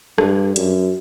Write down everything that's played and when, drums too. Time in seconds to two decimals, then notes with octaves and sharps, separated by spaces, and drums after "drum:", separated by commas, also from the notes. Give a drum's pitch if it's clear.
0.18 G2, drum: rim click
0.56 F#2, drum: hi-hat